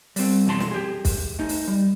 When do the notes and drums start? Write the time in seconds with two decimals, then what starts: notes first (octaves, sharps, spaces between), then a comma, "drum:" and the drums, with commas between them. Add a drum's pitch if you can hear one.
0.16 G3 C4, drum: open hi-hat
0.46 B1 F2 E3 A5 C6
0.60 drum: snare
0.71 G4 G#4
1.05 drum: kick, open hi-hat
1.39 A3 D#4
1.49 drum: open hi-hat
1.68 G3